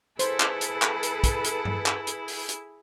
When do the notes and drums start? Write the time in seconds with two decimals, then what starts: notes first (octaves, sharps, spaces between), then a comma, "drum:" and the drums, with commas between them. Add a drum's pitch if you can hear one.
0.19 E4 G#4 A4 B4 C5, drum: hi-hat
0.40 drum: clap
0.61 drum: hi-hat
0.82 drum: clap
1.03 drum: hi-hat
1.24 drum: kick, hi-hat
1.44 drum: hi-hat
1.65 drum: tom G2
1.86 drum: clap
2.07 drum: hi-hat
2.28 drum: open hi-hat
2.49 drum: hi-hat